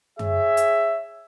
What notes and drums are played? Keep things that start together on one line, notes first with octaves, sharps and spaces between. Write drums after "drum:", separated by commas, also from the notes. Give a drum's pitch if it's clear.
G#4 C#5 E5, drum: tom F#2
drum: hi-hat